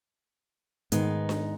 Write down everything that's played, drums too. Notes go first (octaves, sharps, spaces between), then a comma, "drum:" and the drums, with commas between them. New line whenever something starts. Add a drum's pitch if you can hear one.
G#2 D#3 G#3 B3 D#4, drum: hi-hat
drum: snare D4